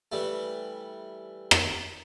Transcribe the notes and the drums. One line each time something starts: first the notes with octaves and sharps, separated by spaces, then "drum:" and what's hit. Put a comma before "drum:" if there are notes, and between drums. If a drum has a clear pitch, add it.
E3 G3 A3
drum: rim click